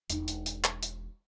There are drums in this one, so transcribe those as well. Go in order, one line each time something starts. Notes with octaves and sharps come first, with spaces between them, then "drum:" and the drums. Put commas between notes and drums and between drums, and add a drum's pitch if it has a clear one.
E1 D#4, drum: hi-hat
drum: hi-hat
drum: hi-hat
drum: clap
drum: hi-hat